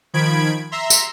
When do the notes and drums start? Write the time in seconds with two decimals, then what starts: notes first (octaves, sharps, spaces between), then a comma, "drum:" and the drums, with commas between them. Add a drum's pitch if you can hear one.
0.14 D#3 F3 B5 G#6 D7
0.71 E5 A#5 C6
0.90 drum: tambourine